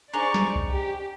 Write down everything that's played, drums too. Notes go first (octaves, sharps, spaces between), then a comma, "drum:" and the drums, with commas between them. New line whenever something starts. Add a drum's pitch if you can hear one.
D4 D#4 G#4 C5 D5 A#5 C#6 F7
drum: snare
drum: kick C2
G4